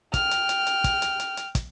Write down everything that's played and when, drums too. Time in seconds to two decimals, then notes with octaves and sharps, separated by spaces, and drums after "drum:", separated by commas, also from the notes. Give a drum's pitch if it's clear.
0.14 G5 F6, drum: kick, hi-hat
0.31 drum: hi-hat
0.49 drum: hi-hat
0.67 drum: hi-hat
0.84 drum: kick, hi-hat
1.02 drum: hi-hat
1.20 drum: hi-hat
1.37 drum: hi-hat
1.55 drum: kick, hi-hat